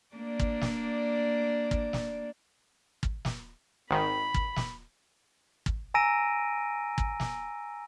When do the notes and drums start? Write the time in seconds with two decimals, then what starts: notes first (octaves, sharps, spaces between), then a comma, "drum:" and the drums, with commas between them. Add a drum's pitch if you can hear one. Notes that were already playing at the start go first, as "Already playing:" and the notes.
0.16 A#3 D4 D5
0.39 drum: kick
0.61 drum: snare
1.71 drum: kick
1.93 drum: snare
3.03 drum: kick
3.25 drum: snare
3.91 G#1 D#3 B5
4.34 drum: kick
4.56 drum: snare
5.66 drum: kick
5.94 G#5 A#5 E6 A#6 D7 D#7
6.98 drum: kick
7.20 drum: snare